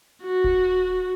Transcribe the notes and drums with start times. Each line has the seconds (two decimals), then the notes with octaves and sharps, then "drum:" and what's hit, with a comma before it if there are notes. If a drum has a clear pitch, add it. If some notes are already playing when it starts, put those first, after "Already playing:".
0.23 F#4
0.44 drum: kick D#1